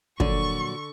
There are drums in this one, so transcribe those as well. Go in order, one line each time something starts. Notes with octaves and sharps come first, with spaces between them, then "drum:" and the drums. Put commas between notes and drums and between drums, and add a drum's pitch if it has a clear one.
A#2 D3 F3 F#3 F#4 D5 C#6, drum: kick